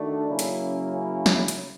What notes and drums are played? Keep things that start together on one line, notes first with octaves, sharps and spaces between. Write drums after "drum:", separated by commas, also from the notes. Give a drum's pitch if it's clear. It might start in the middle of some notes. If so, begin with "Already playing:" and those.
Already playing: D#3 A3 D4 F#4
C#3 F#3 A#3 C#4 E4
drum: hi-hat
drum: snare
drum: hi-hat